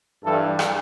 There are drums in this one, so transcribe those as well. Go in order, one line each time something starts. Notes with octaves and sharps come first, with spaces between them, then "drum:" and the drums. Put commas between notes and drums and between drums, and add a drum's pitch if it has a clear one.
G2 E3 G3 E4 A4
drum: rim click